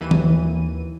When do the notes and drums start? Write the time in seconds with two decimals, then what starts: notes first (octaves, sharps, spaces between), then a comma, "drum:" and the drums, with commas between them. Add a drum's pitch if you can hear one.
0.01 D#2 E3 D#7
0.11 drum: tom